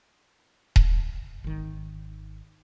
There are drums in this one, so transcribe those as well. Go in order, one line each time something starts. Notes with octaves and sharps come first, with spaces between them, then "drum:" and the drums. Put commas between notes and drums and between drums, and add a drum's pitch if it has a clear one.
drum: kick D#1
G#1 D#3